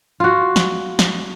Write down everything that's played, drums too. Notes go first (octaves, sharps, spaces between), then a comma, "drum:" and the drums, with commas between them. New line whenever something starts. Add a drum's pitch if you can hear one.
F4 F#4
drum: snare
drum: snare